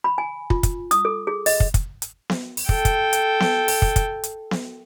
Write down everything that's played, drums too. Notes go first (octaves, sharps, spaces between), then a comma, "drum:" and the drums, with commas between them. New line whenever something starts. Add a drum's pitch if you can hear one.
B5
G#5
F4, drum: kick
drum: kick, hi-hat
D#6, drum: hi-hat
A4
G#4
D#5, drum: open hi-hat
drum: kick
drum: kick, hi-hat
drum: hi-hat
drum: snare B3
drum: open hi-hat
A4 G5, drum: kick
drum: kick, hi-hat
drum: hi-hat
drum: snare B3
drum: open hi-hat
drum: kick
drum: kick, hi-hat
drum: hi-hat
drum: snare B3